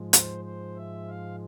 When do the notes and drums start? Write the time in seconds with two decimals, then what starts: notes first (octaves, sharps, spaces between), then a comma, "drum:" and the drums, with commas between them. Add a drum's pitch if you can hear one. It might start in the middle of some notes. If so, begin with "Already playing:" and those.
Already playing: G#2 F3 G#3
0.13 C5, drum: hi-hat
0.45 C5
0.77 E5
1.09 F5